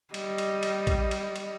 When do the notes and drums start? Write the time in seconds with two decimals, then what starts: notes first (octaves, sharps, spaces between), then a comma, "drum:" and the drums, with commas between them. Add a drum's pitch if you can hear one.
0.14 G3 D#5, drum: cymbal
0.38 drum: cymbal
0.63 drum: cymbal
0.87 drum: kick, cymbal
1.11 drum: cymbal
1.36 drum: cymbal